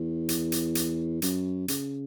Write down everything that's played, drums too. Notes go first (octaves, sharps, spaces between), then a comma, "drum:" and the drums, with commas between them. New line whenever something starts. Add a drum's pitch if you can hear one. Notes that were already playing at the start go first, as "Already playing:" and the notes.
Already playing: E2
drum: hi-hat
drum: hi-hat
drum: hi-hat
F#2, drum: hi-hat
C#3, drum: hi-hat